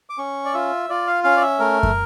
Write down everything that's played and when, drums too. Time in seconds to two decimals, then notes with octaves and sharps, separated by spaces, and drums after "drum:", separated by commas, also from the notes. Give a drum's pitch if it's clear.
0.10 D6
0.18 C#4 C#6
0.45 D5
0.53 F4 E5
0.89 F4 D5
1.07 F5
1.24 C#4 F5
1.37 D5
1.42 E5
1.59 A3 A#4
1.83 drum: kick